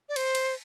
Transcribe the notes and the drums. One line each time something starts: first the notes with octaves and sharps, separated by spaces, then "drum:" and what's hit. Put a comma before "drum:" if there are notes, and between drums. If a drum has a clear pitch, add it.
D5
C5, drum: cymbal
drum: cymbal